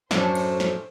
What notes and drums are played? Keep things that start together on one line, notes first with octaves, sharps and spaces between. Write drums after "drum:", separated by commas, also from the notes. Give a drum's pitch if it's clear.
F#2 A2 F#3 A3 C#4 D4 C5 A5, drum: snare
drum: cymbal
drum: snare